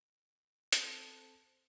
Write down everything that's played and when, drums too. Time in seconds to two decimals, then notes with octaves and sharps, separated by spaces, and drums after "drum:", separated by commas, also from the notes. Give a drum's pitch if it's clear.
0.73 C4 A4 C5 A5, drum: hi-hat